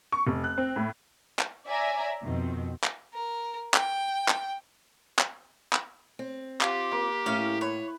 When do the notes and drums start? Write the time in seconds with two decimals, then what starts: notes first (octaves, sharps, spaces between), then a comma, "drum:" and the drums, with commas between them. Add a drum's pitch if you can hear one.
0.12 C#6
0.27 F1
0.44 F#6
0.58 C4
0.76 A2
1.39 drum: clap
1.66 C#5 D5 E5 G#5 A#5
2.24 F2 B2 D#3 C4
2.84 drum: clap
3.13 A#4
3.74 G5, drum: clap
4.28 drum: clap
5.19 drum: clap
5.73 drum: clap
6.19 C4
6.61 F4 G4 F#5, drum: clap
6.91 A#3 C6 D6
7.26 A2 C#4 F5
7.61 B4 C#5